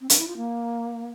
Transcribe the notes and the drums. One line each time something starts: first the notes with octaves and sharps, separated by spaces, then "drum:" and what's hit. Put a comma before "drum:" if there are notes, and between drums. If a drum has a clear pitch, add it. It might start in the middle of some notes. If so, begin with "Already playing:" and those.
C4
D4, drum: hi-hat
E4
F4
A#3